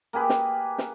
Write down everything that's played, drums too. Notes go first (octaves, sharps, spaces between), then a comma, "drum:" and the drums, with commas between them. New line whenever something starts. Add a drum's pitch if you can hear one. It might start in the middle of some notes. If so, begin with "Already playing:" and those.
A#3 G4 G#4 B4
drum: snare
drum: snare